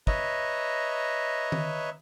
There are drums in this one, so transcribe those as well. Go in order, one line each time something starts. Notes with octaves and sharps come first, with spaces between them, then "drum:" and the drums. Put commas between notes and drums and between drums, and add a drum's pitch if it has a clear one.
B4 C#5 D#5 E5 A#5, drum: kick
drum: tom D#3